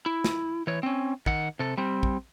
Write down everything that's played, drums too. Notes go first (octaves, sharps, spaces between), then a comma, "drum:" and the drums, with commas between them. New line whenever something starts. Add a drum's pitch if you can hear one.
E4
drum: snare
E3 C#5
C4 C#4
D#3 F#5, drum: kick
C3 A4
G3 C4
drum: kick